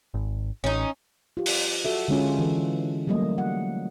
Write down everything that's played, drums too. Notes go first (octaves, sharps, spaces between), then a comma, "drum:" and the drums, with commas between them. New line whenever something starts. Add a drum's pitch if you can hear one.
G#1
A1 C#4 D#4
F4 G4
drum: open hi-hat
F#4 A4 E5
D3 G#3 C#4 F4
E3 A4
F#3 G3 A3 A#3 D#5
F#5